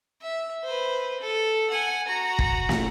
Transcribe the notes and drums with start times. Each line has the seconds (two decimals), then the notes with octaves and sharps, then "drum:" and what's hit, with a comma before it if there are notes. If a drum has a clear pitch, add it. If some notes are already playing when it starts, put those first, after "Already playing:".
0.23 E5
0.64 B4 C5
1.21 A4
1.71 F#5 G#5
2.08 F#4 A#5
2.39 drum: kick
2.69 drum: snare